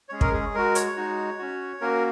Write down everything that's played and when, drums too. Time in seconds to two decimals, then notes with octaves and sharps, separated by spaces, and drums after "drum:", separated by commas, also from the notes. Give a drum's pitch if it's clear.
0.09 G#3 C#4 G#4 C#5
0.21 A#4, drum: kick
0.34 G#4
0.54 G#3 F#4 A#4
0.75 C#5, drum: hi-hat
0.96 G#3 D#4 F#4
1.39 C#4 F#4
1.81 A#3 C#4 F#4 A#4